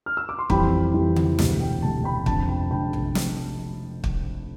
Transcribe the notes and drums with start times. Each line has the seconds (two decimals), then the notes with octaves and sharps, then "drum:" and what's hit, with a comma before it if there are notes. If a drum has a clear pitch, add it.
0.06 F6
0.17 E6
0.29 D6
0.39 C6
0.50 F2 E3 G3 G5 B5, drum: kick
0.94 F2 E3 G3
1.16 drum: tom C#3
1.39 E1 D2 C3, drum: snare
1.60 G5
1.82 E1 D2 C3 A5
2.04 G5 B5
2.26 F1 F2 D3 A5, drum: kick
2.49 G5 B5
2.71 F1 F2 D3 G5 B5
2.93 drum: tom A#1
3.15 drum: snare
4.04 drum: kick